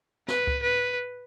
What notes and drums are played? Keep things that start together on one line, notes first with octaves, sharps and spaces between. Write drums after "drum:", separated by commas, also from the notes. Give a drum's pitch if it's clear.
B4, drum: snare
drum: kick C#2
B4